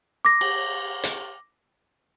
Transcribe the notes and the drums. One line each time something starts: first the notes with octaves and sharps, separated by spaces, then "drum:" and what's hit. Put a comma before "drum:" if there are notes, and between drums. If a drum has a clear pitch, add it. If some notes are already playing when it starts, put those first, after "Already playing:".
D6 A#6
drum: cymbal
drum: hi-hat